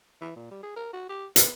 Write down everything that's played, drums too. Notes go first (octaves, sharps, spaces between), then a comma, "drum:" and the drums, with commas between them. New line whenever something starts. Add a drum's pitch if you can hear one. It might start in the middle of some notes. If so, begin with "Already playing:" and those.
E3
A#2
G3
G#4
A#4
F#4
G4
B3, drum: hi-hat